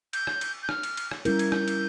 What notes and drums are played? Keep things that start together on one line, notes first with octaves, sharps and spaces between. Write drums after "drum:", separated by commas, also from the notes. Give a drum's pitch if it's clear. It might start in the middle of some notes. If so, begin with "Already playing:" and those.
G6, drum: cymbal
drum: rim click
drum: cymbal
G6
F6, drum: rim click
drum: cymbal
drum: cymbal
drum: rim click
G3 C#4 E4 A#4 G6, drum: cymbal
G#6, drum: cymbal
G6, drum: rim click
drum: cymbal